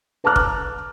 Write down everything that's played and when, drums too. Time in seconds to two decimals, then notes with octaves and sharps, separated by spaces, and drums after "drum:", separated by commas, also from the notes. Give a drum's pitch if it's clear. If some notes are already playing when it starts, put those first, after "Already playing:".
0.24 B4 A5 A#5 D6 F6 F#6
0.36 drum: kick F1